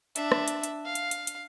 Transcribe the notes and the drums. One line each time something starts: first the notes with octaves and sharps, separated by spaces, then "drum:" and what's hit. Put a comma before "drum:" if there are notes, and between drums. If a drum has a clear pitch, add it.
D4 E5, drum: hi-hat
drum: rim click
drum: hi-hat
drum: hi-hat
F5
drum: hi-hat
drum: hi-hat
drum: hi-hat